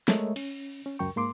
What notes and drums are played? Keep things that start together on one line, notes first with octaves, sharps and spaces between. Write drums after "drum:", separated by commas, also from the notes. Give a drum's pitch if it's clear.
G#3 A3 A#4 C#5 D#5 E5, drum: snare
C#4, drum: cymbal
C#4
C#2 F#2 A#4 G5 C#6
G#2 A#3 C6 D6